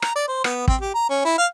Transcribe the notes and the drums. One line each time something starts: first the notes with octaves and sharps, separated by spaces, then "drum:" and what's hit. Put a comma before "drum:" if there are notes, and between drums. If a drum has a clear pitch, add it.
A#5, drum: rim click
D5
C5
B3, drum: rim click
C4, drum: kick
G4
A#5
C#4
E4
F5